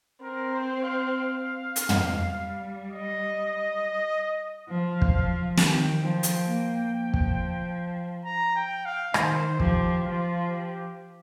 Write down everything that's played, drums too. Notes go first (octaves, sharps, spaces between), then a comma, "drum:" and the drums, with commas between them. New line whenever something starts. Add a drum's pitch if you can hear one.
C4 A#4
C5
F5
drum: hi-hat
drum: tom
G3
D#5
F3 F5
drum: kick
F3
D#3 G5, drum: snare
F3 G5
drum: hi-hat
A#3
F3
drum: kick
A#5
G5
F5
D#3 C5, drum: rim click
F3 G4, drum: kick
F3 F4
G4